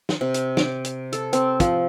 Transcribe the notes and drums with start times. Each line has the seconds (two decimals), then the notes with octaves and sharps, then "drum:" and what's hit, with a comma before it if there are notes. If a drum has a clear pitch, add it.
0.09 drum: snare
0.21 C3
0.34 drum: hi-hat
0.57 D6, drum: snare
0.84 drum: hi-hat
1.13 A4, drum: hi-hat
1.33 C4, drum: hi-hat
1.60 F3, drum: kick, hi-hat